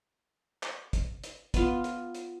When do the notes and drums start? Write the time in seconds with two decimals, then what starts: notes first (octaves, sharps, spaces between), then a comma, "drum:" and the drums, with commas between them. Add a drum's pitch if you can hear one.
0.63 drum: clap
0.93 drum: kick, hi-hat
1.24 drum: hi-hat
1.54 B3 F4, drum: kick, hi-hat
1.84 drum: hi-hat
2.15 drum: hi-hat